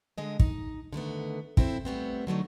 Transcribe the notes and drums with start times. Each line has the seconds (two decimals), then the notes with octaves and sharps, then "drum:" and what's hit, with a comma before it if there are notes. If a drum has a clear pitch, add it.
0.18 D3 G#3 D#5
0.40 D#4, drum: kick
0.93 D3 D#3 A3 B3
1.57 C4 E4 F4 A4 C5, drum: kick
1.85 G3 A3 B3 C4
2.27 D3 F#3 A3 D#4